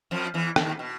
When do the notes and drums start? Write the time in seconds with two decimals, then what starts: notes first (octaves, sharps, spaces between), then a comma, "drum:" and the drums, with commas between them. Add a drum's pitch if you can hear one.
0.11 F2 F3
0.34 E2 E3
0.56 D#2 D#3, drum: rim click
0.79 B2